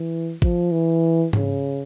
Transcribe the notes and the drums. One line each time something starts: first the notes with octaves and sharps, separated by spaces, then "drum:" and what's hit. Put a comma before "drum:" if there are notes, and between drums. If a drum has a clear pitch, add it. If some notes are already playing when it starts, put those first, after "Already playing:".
Already playing: E3
F3, drum: kick
E3
C#3, drum: tom G#2